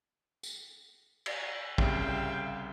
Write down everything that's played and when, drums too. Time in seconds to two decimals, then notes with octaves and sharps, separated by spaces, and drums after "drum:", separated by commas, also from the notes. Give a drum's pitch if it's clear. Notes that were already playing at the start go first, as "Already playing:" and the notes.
0.43 drum: tambourine
1.26 drum: cymbal
1.78 C2 C#3 G3 E5 F5 G5, drum: kick